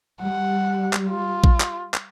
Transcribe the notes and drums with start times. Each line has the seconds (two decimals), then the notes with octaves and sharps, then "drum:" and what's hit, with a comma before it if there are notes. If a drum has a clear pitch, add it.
0.23 G3 F#5
0.93 drum: clap
1.10 F4
1.44 drum: kick A#1
1.60 drum: clap
1.94 drum: clap